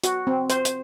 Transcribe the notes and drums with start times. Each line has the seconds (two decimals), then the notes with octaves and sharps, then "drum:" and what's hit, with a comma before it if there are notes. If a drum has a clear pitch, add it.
0.04 F#4, drum: hi-hat
0.27 C4
0.50 C5, drum: hi-hat
0.65 drum: hi-hat